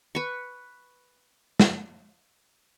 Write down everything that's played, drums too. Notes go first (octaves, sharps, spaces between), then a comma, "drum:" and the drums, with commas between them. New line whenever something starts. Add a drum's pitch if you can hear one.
B4 C#6
drum: snare